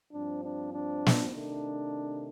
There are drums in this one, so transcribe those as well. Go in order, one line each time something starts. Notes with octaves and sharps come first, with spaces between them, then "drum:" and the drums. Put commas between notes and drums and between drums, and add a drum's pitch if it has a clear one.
G2 F3 C4 D4
D4
D4
drum: snare
C3 D#3 A3 D4